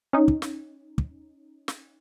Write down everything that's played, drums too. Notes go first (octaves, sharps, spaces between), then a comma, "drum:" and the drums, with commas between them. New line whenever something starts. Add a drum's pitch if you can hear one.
C#4 D#4
drum: kick
drum: snare
drum: kick
drum: snare